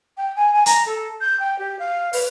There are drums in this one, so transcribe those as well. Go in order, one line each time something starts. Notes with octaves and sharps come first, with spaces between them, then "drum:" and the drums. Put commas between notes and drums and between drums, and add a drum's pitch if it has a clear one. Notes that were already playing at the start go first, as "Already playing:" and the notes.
G5
G#5
G#5
A#5, drum: hi-hat
A4
G6
G5
G4
F5
B4, drum: open hi-hat